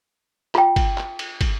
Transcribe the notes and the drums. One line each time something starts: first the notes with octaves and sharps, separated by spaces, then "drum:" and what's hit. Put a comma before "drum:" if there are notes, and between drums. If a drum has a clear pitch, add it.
F4 G5, drum: clap
drum: kick, cymbal
drum: clap
drum: cymbal
drum: kick, cymbal